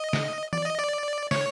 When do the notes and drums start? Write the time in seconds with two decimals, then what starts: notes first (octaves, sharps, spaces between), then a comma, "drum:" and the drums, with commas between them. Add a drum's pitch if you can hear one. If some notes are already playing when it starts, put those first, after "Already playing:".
Already playing: D#5
0.13 drum: snare
0.53 D5, drum: tom E3
0.65 D#5
0.79 D5
1.31 C#5, drum: snare